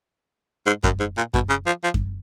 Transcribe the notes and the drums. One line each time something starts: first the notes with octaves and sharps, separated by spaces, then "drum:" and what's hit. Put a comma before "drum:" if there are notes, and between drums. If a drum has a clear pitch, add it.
G#2
F#2, drum: kick F#2
G#2
A#2
B2, drum: kick F#2
C#3
F3
F3
drum: kick F#2